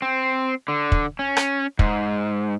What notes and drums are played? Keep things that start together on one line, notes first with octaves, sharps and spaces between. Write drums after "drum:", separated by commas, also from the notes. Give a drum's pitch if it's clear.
C4
D3
drum: kick
C#4
drum: rim click
G#2, drum: kick